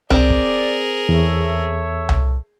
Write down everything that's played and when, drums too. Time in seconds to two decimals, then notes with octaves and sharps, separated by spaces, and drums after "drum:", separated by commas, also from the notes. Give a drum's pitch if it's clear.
0.10 C4 G#4 A#4 D5, drum: tom C2
0.30 drum: kick
1.09 E2 A4 C#5 E5
2.09 drum: tom C2